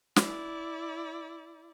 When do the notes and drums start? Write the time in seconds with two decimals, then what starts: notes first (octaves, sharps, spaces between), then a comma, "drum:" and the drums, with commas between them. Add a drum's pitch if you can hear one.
0.16 E4 D5, drum: snare